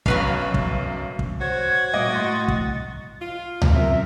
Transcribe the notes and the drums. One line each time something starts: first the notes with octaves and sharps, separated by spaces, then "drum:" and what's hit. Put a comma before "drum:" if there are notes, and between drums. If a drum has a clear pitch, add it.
B1 F#2 F#3 B4 F5, drum: kick
drum: kick
drum: kick
F#4 C5 C#5 G#6
G2 A#2 D#5 D6
A2 C6 A6
drum: kick
F4
drum: tom C#2
F#2 C4 A#4 E5